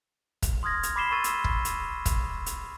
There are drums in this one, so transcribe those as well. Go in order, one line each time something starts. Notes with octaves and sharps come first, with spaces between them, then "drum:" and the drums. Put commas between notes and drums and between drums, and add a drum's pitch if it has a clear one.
drum: kick, hi-hat
C6 D#6 F6 G#6 A#6
drum: hi-hat
B5 D6 B6 C7 E7 G7
C6 C#6 E6 A6 D#7
drum: hi-hat
drum: kick
drum: hi-hat
drum: kick, hi-hat
drum: hi-hat